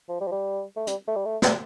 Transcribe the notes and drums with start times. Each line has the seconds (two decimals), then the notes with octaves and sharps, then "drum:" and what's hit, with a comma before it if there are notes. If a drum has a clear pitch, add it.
0.09 F3
0.21 G3
0.27 F3
0.32 G3
0.76 A3
0.87 G3, drum: hi-hat
1.08 A3
1.16 G3
1.25 A3
1.42 G3, drum: snare